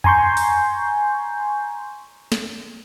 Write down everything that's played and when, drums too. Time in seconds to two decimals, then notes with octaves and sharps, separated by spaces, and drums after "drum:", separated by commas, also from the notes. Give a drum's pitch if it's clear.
0.04 G#5 A#5 C6 C#6 G6, drum: tom E2
0.37 drum: open hi-hat
2.32 drum: snare